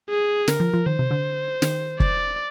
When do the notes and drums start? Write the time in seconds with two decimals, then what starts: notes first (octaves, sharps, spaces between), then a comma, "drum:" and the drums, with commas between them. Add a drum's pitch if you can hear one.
0.10 G#4
0.48 D3 A#4, drum: snare
0.60 F3
0.74 F3
0.86 D#3 C5
0.99 C3
1.11 D3
1.62 D#3, drum: snare
2.00 D5, drum: kick